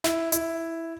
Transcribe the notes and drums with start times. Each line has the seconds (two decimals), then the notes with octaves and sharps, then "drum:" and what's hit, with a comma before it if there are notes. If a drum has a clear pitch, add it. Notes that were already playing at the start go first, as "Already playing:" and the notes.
0.04 E4, drum: snare
0.32 E4, drum: hi-hat